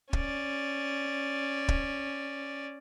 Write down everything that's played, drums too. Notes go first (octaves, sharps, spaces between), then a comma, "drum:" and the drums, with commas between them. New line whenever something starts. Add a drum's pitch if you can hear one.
C#4 D5, drum: kick
drum: kick